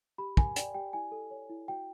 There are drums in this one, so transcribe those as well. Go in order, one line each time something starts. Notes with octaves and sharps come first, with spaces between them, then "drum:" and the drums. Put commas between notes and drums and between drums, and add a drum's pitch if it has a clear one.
G4 B5
A#4 G#5, drum: kick
D5 G5, drum: hi-hat
G4 G5
E4 G#5
A4
C#5
E4
F#4 G5